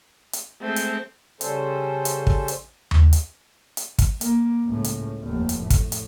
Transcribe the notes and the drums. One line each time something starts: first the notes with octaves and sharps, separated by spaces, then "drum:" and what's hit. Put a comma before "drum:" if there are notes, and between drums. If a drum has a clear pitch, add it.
drum: hi-hat
G#3 A3 C4
drum: hi-hat
C#3 G3 C#4 A4 C5, drum: hi-hat
drum: hi-hat
drum: kick
drum: hi-hat
drum: tom D#2
drum: hi-hat
drum: hi-hat
drum: kick, hi-hat
A#3, drum: hi-hat
C#2 A2
drum: hi-hat
F1 D#2
drum: hi-hat
A2
drum: kick, hi-hat
drum: hi-hat